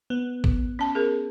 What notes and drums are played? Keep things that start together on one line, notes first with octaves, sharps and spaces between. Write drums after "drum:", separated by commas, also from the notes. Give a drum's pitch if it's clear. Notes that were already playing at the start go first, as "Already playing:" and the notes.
B3
drum: kick A1
C#4 A5
G#4 A#4